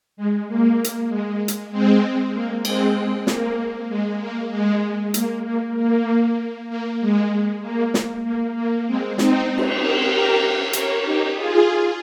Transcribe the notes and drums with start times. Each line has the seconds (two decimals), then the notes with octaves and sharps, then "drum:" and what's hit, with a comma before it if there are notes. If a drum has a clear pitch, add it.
0.17 G#3
0.48 A#3
0.84 drum: hi-hat
1.09 G#3
1.48 drum: hi-hat
1.72 G#3 C4
2.34 A#3
2.65 G#3 C4, drum: cymbal
3.27 A#3, drum: snare
3.89 G#3
4.21 A#3
4.51 G#3
5.14 A#3, drum: hi-hat
5.45 A#3
5.76 A#3
6.69 A#3
7.01 G#3
7.62 A#3
7.94 drum: snare
8.24 A#3
8.56 A#3
8.87 G#3 C4
9.18 C4 D#4, drum: snare
9.57 drum: cymbal
9.80 G4 A#4
10.11 G4 A#4
10.73 A#4 C#5, drum: hi-hat
11.04 D#4 G4
11.35 F4 G#4